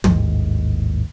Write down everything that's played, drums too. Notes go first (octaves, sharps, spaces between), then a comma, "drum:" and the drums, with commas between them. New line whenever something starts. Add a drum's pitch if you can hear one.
A1 D#2 G#2, drum: tom